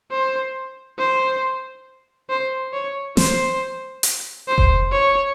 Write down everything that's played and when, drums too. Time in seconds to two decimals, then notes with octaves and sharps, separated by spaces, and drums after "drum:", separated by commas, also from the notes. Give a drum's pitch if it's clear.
0.11 C5
0.98 C5
2.29 C5
2.73 C#5
3.17 C5, drum: snare
4.03 drum: hi-hat
4.48 C5
4.58 drum: kick F1
4.92 C#5